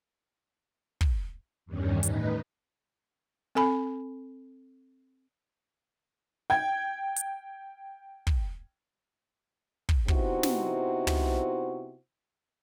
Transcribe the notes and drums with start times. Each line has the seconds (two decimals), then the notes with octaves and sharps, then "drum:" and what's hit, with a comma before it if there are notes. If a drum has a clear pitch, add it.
1.01 drum: kick
1.66 E2 G2 D#3 G3 C#4
2.03 A2 D#4 B4, drum: hi-hat
3.55 C4 A4 G#5 B5
6.50 G5 G#6
7.16 drum: hi-hat
8.27 drum: kick
9.89 drum: kick
10.08 C3 B3 D#4 E4 F#4 C5, drum: kick
10.43 drum: snare
11.07 drum: tom